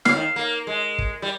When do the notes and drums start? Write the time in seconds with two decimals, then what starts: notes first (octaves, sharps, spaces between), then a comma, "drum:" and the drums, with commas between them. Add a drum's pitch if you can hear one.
0.05 C#3 F5, drum: snare
0.15 D#3
0.36 A#3
0.67 G#3
0.98 drum: kick
1.22 G3